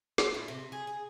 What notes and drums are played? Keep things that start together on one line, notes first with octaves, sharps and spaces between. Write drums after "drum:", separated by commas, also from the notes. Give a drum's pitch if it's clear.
C5, drum: snare
A2
C3
G#4
G#4